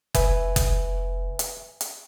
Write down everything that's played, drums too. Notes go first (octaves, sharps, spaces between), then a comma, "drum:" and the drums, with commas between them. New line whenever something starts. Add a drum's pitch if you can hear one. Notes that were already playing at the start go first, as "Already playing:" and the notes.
F1 B4 E5 G#5, drum: kick F#1, hi-hat
drum: kick F#1, hi-hat
drum: hi-hat
drum: hi-hat